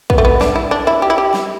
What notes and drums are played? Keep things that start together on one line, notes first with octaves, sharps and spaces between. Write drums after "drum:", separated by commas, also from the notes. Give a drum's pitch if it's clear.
B3, drum: kick
A3
B3
D4, drum: snare
E4
D4
E4
G4
E4
G4
drum: snare